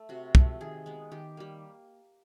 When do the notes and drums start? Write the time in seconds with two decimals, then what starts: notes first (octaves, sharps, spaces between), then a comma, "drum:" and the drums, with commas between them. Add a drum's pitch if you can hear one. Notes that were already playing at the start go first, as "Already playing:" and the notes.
Already playing: A3
0.09 C3 F#4
0.35 F3 A3, drum: kick
0.61 D#3 G#4
0.86 G#3 B3
1.12 D#3 G4
1.37 G3 A#3